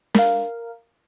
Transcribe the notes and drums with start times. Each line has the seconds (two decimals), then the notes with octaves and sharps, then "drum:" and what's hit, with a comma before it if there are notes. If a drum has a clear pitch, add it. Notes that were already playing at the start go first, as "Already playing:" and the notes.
0.14 A#4 F5, drum: snare